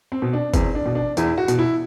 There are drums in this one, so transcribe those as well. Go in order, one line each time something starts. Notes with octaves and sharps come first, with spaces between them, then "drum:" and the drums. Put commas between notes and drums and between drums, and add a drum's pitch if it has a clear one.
C4
B2
D4
E2 C4, drum: kick F#1, hi-hat
D4
B2
D4
E2 E4, drum: hi-hat
F#4
B2, drum: hi-hat
E4